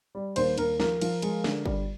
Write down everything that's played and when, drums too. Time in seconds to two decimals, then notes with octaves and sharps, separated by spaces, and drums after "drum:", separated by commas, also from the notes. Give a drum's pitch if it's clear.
0.15 G3
0.36 D#2 C5, drum: cymbal
0.58 D#2 A#4, drum: cymbal
0.80 F3 A#4, drum: snare
1.01 F3, drum: cymbal
1.22 G#3, drum: cymbal
1.44 D3, drum: snare
1.66 G3, drum: kick G1